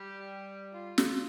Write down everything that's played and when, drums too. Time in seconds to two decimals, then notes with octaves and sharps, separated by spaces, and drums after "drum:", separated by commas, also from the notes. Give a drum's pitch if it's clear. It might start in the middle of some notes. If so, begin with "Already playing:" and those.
Already playing: G3 G4
0.72 F4
0.98 drum: snare